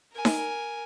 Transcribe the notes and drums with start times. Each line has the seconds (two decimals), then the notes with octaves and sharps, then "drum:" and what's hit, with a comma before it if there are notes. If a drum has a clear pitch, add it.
0.13 A#4 G#5
0.25 drum: snare D#4